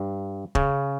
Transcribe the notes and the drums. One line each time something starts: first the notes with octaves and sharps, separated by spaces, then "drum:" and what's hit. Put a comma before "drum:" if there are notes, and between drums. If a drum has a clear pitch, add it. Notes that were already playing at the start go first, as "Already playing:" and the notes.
Already playing: G2
C#3, drum: kick